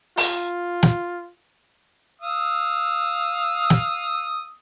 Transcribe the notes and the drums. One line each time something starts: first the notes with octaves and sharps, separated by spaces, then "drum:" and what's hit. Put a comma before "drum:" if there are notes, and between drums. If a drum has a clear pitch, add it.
F4, drum: open hi-hat
drum: snare
F5 D#6 E6
drum: snare